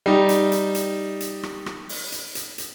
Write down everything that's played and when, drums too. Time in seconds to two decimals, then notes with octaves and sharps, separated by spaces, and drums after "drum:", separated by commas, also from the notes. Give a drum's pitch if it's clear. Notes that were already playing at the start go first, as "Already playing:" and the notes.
0.06 G3 D#4
0.29 drum: hi-hat
0.52 drum: hi-hat
0.75 drum: hi-hat
1.20 drum: hi-hat
1.43 drum: rim click
1.66 drum: rim click
1.89 drum: open hi-hat
2.12 drum: hi-hat
2.35 drum: hi-hat
2.58 drum: hi-hat